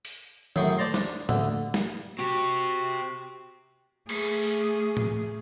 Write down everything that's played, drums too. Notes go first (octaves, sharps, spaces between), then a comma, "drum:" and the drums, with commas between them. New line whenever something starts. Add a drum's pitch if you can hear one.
drum: open hi-hat
F#2 A2 G#4 G5 C#6, drum: tom D#3
C5 D5 A5 A#5 C6
D4, drum: snare
D2 D3, drum: tom A2
drum: snare
C4 F#4 G4
A3 G#4, drum: cymbal
drum: open hi-hat
drum: tom A2